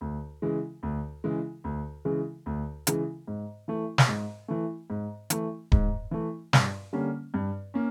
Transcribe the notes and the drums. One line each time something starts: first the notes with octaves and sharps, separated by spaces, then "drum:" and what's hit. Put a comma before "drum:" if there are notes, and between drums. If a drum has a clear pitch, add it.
D2
C#3 E3 G#3
D2
C#3 E3 G#3
D2
C#3 E3 G#3
D2
C#3 E3 G#3, drum: hi-hat
G#2
E3 A3
drum: snare
G#2
E3 A3
G#2
E3 A3, drum: hi-hat
G#2, drum: kick D#1
E3 A3
G2, drum: snare
D3 G3 A#3 C#4
G2
A#3 C#4